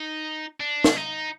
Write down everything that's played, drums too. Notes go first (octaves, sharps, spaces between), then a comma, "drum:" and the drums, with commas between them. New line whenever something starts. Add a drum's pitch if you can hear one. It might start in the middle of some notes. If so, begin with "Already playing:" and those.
Already playing: D#4
D4
drum: snare
D#4